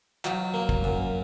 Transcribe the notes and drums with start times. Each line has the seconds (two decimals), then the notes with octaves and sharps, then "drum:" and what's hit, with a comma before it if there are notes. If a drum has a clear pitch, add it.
0.25 F#3, drum: clap
0.54 A#3
0.69 drum: kick
0.84 F#2